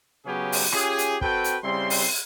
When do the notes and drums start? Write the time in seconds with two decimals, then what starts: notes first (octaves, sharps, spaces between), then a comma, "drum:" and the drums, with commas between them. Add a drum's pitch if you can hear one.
0.26 C#3 F#3 B3 C#4 G4 G#4
0.52 drum: open hi-hat
0.72 C#4 F4 G4 G#4, drum: rim click
0.98 drum: hi-hat
1.21 C4 F#4 A4 B4 G5, drum: kick
1.44 drum: hi-hat
1.64 C#3 G3 C4 E4 C6
1.90 drum: open hi-hat